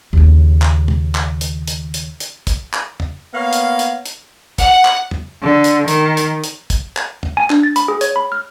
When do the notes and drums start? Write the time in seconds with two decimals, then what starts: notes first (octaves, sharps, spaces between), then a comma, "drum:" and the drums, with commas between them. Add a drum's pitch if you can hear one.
0.13 D#2 C#3
0.62 drum: clap
0.88 drum: tom
1.15 drum: clap
1.41 drum: hi-hat
1.68 drum: hi-hat
1.94 drum: hi-hat
2.20 drum: hi-hat
2.47 drum: kick, hi-hat
2.73 drum: clap
3.00 drum: tom
3.34 A#3 B3 C#5 F5
3.53 drum: hi-hat
3.79 drum: hi-hat
4.06 drum: hi-hat
4.58 F#5, drum: kick, hi-hat
4.85 drum: clap
5.11 drum: tom
5.43 D3
5.64 drum: hi-hat
5.88 D#3, drum: hi-hat
6.17 drum: hi-hat
6.44 drum: hi-hat
6.70 drum: kick, hi-hat
6.96 drum: clap
7.23 drum: tom
7.37 G#5
7.50 D4, drum: clap
7.63 A6
7.76 B5, drum: hi-hat
7.88 G#4
8.01 C#5, drum: hi-hat
8.16 B5
8.32 F6